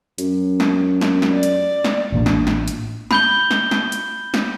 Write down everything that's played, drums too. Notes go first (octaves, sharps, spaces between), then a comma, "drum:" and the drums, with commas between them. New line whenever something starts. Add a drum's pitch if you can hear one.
F#2, drum: hi-hat
drum: snare
drum: snare
drum: snare
D5
drum: hi-hat
drum: snare
A1 A2 A#3 D4
drum: snare
drum: snare
drum: hi-hat
B5 G6 G7, drum: snare
drum: snare
drum: snare
drum: hi-hat
drum: snare